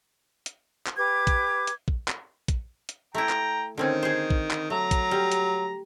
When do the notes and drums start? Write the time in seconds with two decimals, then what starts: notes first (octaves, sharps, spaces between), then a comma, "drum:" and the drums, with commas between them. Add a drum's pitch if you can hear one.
0.46 drum: hi-hat
0.87 drum: clap
0.97 G4 B4 D6 G#6
1.27 drum: kick A#1, hi-hat
1.67 drum: hi-hat
1.88 drum: kick A#1
2.08 drum: clap
2.48 drum: kick A#1, hi-hat
2.89 drum: hi-hat
3.15 A3 E4 G5 A#5
3.29 drum: clap
3.78 D3 D#3 C4 C#4
4.03 G#4 C5
4.30 drum: kick A#1
4.51 drum: clap
4.70 F#3 A3 A#5
4.91 drum: kick A#1, hi-hat
5.11 G3
5.32 drum: hi-hat